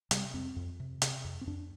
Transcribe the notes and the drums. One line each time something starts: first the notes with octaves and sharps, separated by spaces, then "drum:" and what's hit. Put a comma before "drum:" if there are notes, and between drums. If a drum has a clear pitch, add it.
C3 G3, drum: hi-hat
F2 C4
F2
C3
C3, drum: hi-hat
F2
C4
F2 D4